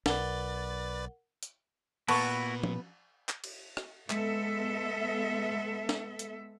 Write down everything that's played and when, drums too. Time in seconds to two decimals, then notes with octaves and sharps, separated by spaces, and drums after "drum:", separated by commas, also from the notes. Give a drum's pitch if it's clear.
0.06 B1 A#4 B4 D5 F#5 A6 G7, drum: snare
1.43 drum: hi-hat
2.08 A#2 B3 E4 F#4 A5 C#6 A6, drum: cymbal
2.63 drum: tom F3
3.29 drum: clap
3.44 drum: cymbal
3.77 drum: rim click
4.10 G#3 B3 A4 E5, drum: clap
5.89 drum: snare
6.19 drum: hi-hat